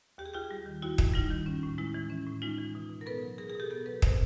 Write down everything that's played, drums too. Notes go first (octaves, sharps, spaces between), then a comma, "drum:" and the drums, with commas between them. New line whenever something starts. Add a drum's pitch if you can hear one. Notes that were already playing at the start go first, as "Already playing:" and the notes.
D#2 G4
G#4
D#2 F4 G4
G3
D#3
D#2 E4 F#4
D#2, drum: kick
G3 D#4 F4
D#3
C#4
A2
G#3 E4
E3
C#4
A2
G#3 D#4 F4
E3
B2
B2
A#4
B3 A4 B4
F#3
B2 G#4 A#4
G#4 A#4
B2 G4 A4
B3 G4 A4
F#3 A4 B4
C4 A#4 C5, drum: kick